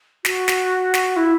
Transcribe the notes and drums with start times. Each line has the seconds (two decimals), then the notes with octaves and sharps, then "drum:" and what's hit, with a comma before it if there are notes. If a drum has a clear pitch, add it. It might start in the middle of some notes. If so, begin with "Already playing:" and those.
0.25 F#4, drum: snare
0.48 drum: snare
0.94 drum: snare
1.16 E4